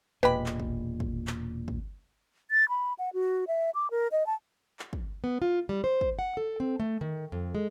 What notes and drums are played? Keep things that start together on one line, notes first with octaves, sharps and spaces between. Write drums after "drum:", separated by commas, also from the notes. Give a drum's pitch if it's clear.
E1 A#2 G#3 G4 B4 B5
drum: clap
drum: kick
drum: kick
drum: clap
drum: kick
A6
B5
F#5
F#4
E5
D6
A#4
D#5
A5
drum: clap
drum: kick
B3
F4
G3
C5
drum: kick
F#5
A4
C4
A3
D#3
F2
G#3